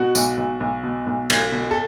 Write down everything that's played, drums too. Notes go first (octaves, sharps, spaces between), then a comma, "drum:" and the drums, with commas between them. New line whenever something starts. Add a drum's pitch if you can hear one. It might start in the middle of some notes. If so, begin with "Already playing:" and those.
Already playing: B2 F#4
B1, drum: tambourine
B1
B1
B2
B1
B1, drum: cymbal
B2
A4